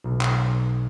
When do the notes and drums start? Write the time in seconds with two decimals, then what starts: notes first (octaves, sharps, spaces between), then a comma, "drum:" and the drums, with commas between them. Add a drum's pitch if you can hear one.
0.04 B1
0.21 drum: clap